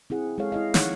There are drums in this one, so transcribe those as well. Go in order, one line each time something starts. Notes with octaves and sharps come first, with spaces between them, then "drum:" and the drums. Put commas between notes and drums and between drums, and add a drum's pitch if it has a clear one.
C4 E4 G#4 F#5
G#3 G#4 A4 C#5 F5
E4 D#5 F5
D#3 F3 D#4 C#5 F#5, drum: snare